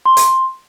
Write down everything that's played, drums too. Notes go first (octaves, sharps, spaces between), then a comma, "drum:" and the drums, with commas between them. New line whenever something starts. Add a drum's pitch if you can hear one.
C6
drum: hi-hat